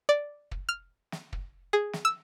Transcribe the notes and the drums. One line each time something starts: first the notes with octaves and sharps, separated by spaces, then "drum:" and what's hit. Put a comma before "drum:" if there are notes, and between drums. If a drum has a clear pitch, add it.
D5
drum: kick
F6
drum: snare
drum: kick
G#4
drum: snare
E6